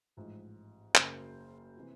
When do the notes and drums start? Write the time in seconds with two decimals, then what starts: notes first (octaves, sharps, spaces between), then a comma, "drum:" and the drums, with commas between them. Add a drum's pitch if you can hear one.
0.17 A1 G#2 F3
0.96 F#1 F#2 C#3 A#4 C5, drum: clap
1.77 C3 E3